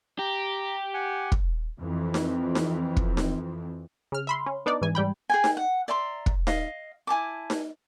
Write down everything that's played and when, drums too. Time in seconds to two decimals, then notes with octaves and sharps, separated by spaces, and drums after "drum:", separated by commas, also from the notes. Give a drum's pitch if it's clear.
0.19 G4 A#5
0.94 F#5 G#5
1.32 drum: kick
1.80 F2 E3 C4
2.14 drum: snare D#4
2.55 drum: snare D#4
2.97 drum: kick
3.17 drum: snare D#4
4.12 C#3 F6
4.27 E5 B5 C6
4.46 C#4
4.66 B3 D4 D#4 D5
4.81 G#2 E3 G#5
4.95 G#2 G3 G5 B5
5.30 G#4 G5 G#5
5.44 drum: snare D#4
5.57 F#5
5.88 D5 E5 A#5 C6
6.26 drum: kick
6.47 D#5 F5, drum: snare D#4
7.07 E4 G#5 A5 D6
7.50 drum: snare D#4